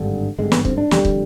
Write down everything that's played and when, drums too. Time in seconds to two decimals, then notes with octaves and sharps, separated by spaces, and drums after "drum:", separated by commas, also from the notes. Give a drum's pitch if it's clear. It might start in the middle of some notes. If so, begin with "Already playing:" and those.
Already playing: G#1 G2 D3
0.38 G#1 G2 D3 G#3
0.52 B3, drum: snare
0.65 C4, drum: kick
0.78 D4
0.91 F1 F2 D3 G3, drum: snare
1.05 drum: kick